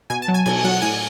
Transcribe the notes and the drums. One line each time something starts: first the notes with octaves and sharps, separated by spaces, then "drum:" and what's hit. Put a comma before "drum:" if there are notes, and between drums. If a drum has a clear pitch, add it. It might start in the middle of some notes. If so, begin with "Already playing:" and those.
B2 G#5
A5
F#3
G#5
B2 G#5, drum: cymbal
F#3 F#5
A2 G#5